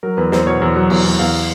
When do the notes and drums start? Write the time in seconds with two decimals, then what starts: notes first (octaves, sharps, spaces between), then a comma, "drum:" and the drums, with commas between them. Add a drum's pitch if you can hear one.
0.03 F#3 A#4
0.17 E2 B4
0.32 E2 C5, drum: snare
0.46 B2 C#5
0.62 E2
0.76 F#3
0.90 E2, drum: cymbal
1.05 E2
1.19 E2 F5